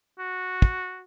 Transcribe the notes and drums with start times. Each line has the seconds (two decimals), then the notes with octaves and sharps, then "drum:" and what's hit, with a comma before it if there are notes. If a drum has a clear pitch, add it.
0.19 F#4
0.62 drum: kick